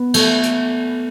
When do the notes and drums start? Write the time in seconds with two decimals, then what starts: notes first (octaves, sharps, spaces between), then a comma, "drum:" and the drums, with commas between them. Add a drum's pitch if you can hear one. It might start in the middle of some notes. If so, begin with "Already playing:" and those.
Already playing: B3
0.14 A3, drum: cymbal
0.43 drum: hi-hat